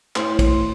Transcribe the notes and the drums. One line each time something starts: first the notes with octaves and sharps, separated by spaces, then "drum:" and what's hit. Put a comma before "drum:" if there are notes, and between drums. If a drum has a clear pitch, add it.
A2 C5, drum: clap
drum: kick, cymbal